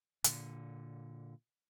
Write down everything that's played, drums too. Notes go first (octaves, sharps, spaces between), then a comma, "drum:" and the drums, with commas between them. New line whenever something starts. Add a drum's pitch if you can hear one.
A#2 D3, drum: hi-hat